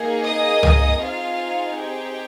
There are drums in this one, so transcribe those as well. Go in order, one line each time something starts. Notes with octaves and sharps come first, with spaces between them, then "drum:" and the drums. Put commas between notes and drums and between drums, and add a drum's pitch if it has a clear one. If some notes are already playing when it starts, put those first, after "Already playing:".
Already playing: A#3 D#4 G#4
D#5 D#6
drum: tom C#2
C4 D#4 F4 G#4 F5
G4 G5